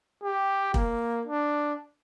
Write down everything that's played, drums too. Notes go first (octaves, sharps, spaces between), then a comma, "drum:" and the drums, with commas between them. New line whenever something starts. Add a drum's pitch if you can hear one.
G4
A#3, drum: kick
D4